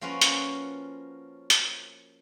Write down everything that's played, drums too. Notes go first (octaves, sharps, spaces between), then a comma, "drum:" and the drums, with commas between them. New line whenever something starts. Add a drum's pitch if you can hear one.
F3 A#3 C#4 F4 F#4 B4
drum: hi-hat
drum: hi-hat